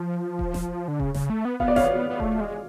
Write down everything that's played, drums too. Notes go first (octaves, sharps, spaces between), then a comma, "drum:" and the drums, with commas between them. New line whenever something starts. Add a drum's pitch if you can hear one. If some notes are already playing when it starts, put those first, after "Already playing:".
Already playing: F3
drum: kick D#1
drum: snare G1
D3
C#3, drum: kick D#1
C#3, drum: snare G1
A3
B3
B3 F5, drum: kick D#1
D5
C#5 F5, drum: snare G1
B3
A3, drum: kick D#1
G#3